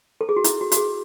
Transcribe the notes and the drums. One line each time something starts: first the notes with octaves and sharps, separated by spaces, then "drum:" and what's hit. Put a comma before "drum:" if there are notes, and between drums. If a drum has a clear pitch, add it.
A4
G#4
F#4
E4, drum: hi-hat
F#4
F#4, drum: hi-hat
G#4